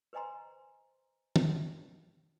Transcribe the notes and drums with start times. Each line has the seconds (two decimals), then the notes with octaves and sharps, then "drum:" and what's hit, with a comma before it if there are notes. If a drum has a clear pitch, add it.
0.13 B4 C5 D#5 G#5 A#5 C6
1.36 drum: tom